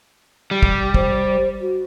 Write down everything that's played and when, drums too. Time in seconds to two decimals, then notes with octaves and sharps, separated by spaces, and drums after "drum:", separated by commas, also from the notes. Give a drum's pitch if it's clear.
0.51 G3
0.63 drum: kick
0.94 C5, drum: kick
1.60 F#4